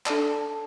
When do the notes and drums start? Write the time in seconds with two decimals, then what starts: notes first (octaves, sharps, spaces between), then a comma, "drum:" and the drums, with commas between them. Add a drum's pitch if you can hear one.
0.06 D4 A4 D5 A5, drum: clap
0.32 A5